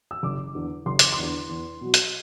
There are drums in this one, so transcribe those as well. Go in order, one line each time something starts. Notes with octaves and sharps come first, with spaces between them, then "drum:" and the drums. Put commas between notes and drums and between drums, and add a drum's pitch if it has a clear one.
E6
F#1 D6
E2 D3
F#1 C6
D6, drum: hi-hat
C6
E2 D3
E2
B2 F#3
drum: hi-hat